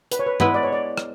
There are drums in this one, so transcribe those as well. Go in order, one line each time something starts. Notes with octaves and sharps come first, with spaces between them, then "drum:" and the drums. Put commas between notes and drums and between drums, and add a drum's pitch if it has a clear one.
B4, drum: hi-hat
C#5
B4
G#3 B3 E4 B4, drum: tom G2
D5
C#5
D5
drum: rim click